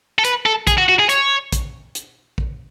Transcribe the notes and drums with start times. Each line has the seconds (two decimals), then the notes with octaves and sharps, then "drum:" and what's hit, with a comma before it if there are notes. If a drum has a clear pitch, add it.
0.18 A4
0.25 B4, drum: hi-hat
0.45 A4
0.67 G#4, drum: kick, hi-hat
0.78 F#4
0.89 F#4
0.99 G#4
1.09 C#5, drum: hi-hat
1.52 drum: kick, hi-hat
1.95 drum: hi-hat
2.38 drum: kick